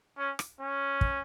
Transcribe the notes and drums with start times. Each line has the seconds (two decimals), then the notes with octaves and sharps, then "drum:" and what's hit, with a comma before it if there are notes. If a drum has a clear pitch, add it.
0.18 C#4
0.39 drum: rim click
0.60 C#4
1.01 drum: kick